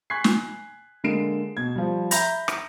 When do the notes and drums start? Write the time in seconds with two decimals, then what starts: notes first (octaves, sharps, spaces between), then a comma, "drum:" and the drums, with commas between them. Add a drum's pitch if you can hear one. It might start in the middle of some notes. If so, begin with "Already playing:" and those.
0.10 G#5 C#6 F#6 G#6 B6 C7
0.24 G#5, drum: snare
1.04 D3 G#3 A#3 C7 D7 E7
1.57 B2 G#6
1.75 F3 G3
2.11 E5 A#5 B5 G6 A#6, drum: hi-hat
2.48 drum: rim click